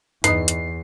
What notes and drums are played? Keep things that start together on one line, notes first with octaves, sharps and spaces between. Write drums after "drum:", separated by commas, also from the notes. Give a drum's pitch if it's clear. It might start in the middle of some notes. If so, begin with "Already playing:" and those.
E2 G2 D#4 B4 D#5 C7, drum: hi-hat
drum: hi-hat